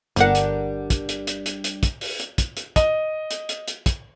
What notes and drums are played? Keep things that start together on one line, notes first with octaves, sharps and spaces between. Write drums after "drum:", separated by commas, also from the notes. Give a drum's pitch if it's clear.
G1 G3 D4 A#4 F#5, drum: hi-hat
drum: hi-hat
drum: kick, hi-hat
drum: hi-hat
drum: hi-hat
drum: hi-hat
drum: hi-hat
drum: kick, hi-hat
drum: open hi-hat
drum: hi-hat
drum: kick, hi-hat
drum: hi-hat
D#5, drum: kick, hi-hat
drum: hi-hat
drum: hi-hat
drum: hi-hat
drum: kick, hi-hat